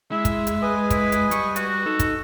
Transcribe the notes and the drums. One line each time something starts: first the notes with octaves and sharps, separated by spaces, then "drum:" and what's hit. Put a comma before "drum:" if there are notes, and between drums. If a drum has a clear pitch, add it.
G#3 E4 E5
drum: kick, hi-hat
drum: hi-hat
B4 D#5 G#5
E4, drum: kick, hi-hat
drum: hi-hat
G3 C#6, drum: hi-hat
F#4, drum: hi-hat
D#4 A4
drum: kick, hi-hat